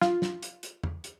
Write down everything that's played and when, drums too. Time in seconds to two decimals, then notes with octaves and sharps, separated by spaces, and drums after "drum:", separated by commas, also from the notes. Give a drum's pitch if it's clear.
0.01 F4, drum: snare
0.22 drum: snare
0.42 drum: hi-hat
0.63 drum: hi-hat
0.83 drum: tom E2
1.04 drum: hi-hat